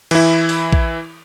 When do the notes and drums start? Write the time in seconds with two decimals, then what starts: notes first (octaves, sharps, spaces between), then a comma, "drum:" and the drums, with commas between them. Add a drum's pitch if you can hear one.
0.11 E3 E4, drum: cymbal
0.49 drum: open hi-hat
0.73 drum: kick A#1